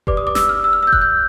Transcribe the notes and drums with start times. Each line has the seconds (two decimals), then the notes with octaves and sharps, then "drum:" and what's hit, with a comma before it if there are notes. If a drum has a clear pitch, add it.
0.07 G4 B4 D5 D6, drum: kick F1
0.17 D#6
0.27 D6
0.35 E6, drum: snare
0.49 F6
0.64 E6
0.73 F6
0.83 E6
0.87 G6
0.93 F#6, drum: kick F1
1.02 G6